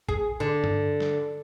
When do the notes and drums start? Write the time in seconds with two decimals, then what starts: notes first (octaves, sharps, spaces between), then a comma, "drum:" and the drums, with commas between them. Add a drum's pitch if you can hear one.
0.09 G#4, drum: kick
0.40 D3
0.64 drum: tom G2
1.00 drum: snare